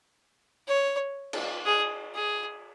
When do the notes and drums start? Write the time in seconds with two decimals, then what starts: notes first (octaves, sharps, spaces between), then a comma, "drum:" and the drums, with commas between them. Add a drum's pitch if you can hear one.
0.68 C#5
1.33 drum: cymbal
1.66 G#4
2.15 G#4